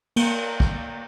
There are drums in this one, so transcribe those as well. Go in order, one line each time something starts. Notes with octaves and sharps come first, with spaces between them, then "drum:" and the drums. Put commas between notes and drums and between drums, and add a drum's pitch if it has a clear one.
A#3, drum: cymbal
drum: kick